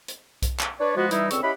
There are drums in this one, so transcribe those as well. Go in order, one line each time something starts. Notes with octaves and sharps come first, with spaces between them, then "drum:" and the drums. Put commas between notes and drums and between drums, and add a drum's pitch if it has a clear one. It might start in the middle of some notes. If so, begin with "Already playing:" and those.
drum: hi-hat
drum: kick B1, hi-hat
drum: clap
D4 B4 C#5 D5
F3 G#3 B3 F#4
E3 G3 D#4 E4, drum: hi-hat
C#2 D3 C4 C#6 E6, drum: hi-hat
C#4 E4 G4 D#5 F#5 B5